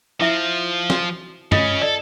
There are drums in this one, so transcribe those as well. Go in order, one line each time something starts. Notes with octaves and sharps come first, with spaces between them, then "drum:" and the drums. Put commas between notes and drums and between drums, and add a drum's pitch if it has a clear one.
F3 E4 E5
F#4, drum: snare
C#3 C#4 F4 D#5 D#6, drum: tom G2
A4 D5